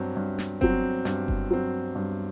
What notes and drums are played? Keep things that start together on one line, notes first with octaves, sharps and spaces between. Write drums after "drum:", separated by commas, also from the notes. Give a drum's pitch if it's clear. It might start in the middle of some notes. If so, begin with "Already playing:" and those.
Already playing: G2 F#3 C4
G2
drum: snare
F#3 C4, drum: kick F#1
G2, drum: snare
drum: kick F#1
F#3 C4
G2